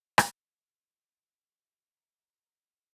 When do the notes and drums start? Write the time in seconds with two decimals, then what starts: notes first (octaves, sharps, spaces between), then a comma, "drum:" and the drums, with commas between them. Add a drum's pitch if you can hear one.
0.18 drum: rim click
0.86 G3 F4
1.51 C#4 F#4 G#4 E5
1.96 F#5 A#5